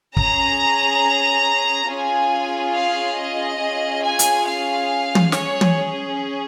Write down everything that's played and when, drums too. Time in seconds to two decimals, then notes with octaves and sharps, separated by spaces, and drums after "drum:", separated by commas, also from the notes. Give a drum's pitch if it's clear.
0.17 C#4 G#4 A#5, drum: kick
1.89 C#4 F4 G#4 G#5
2.74 F5
3.17 D#5
3.60 C#4 F4 G#4
4.03 G#5
4.19 drum: hi-hat
4.46 F5
5.15 drum: tom
5.32 C#4 G#4 C#5, drum: snare
5.61 drum: tom